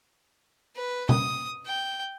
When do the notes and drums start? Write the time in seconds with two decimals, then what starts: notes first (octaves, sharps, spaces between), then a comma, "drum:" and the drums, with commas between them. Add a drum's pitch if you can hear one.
0.76 B4
1.09 D#6, drum: tom B2
1.66 G5